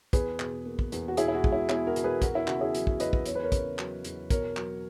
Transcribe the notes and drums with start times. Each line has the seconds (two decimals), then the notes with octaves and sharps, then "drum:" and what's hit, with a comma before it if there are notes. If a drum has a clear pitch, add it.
0.13 E2 G#4 B4, drum: kick, hi-hat
0.40 B2, drum: clap
0.66 A#3
0.79 drum: kick
0.92 E2, drum: hi-hat
1.08 F#4
1.17 B2 E4 G#4, drum: hi-hat
1.28 E4
1.35 F#4
1.44 G#3, drum: kick
1.52 E4
1.69 B3 E4 G#4, drum: clap
1.87 F#4 A#4
1.96 B2, drum: hi-hat
2.04 G#4 B4
2.22 E2 F#4 A#4, drum: kick, hi-hat
2.35 E4
2.47 C#3 F#4, drum: clap
2.61 E4 G#4
2.75 F#3, drum: hi-hat
2.87 drum: kick
3.00 E2 B4 D#5, drum: hi-hat
3.13 drum: kick
3.26 E2 C#5, drum: hi-hat
3.35 B4
3.43 A#4 C#5
3.52 C#3, drum: kick, hi-hat
3.79 F#3, drum: clap
4.05 E2, drum: hi-hat
4.30 B2 A#4 C#5, drum: kick, hi-hat
4.57 F#3, drum: clap